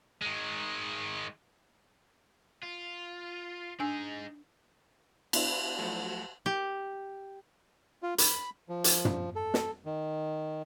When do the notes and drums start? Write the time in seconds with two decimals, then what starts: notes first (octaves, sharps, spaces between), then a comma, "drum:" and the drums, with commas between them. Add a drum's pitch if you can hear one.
0.22 D#3 G#3
2.63 F4
3.80 D4 D#4 G#4 G#5 E6
5.33 B3 D4 E4, drum: cymbal
5.79 F3 F#3 A3
6.46 G4
8.03 F4
8.18 B5, drum: hi-hat
8.69 F3
8.84 drum: hi-hat
9.05 drum: tom
9.36 A4
9.54 drum: snare
9.86 D#3